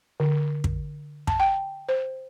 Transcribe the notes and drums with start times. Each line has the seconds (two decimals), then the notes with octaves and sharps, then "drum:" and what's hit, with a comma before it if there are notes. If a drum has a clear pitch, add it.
0.20 D3
0.64 drum: kick
1.27 A5, drum: kick
1.40 G5
1.89 C5